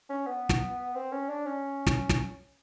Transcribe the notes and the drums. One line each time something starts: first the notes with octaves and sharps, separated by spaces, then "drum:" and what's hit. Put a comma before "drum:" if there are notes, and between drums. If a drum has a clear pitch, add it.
C#4
B3
drum: snare
C4
C#4
D4
C#4
drum: snare
drum: snare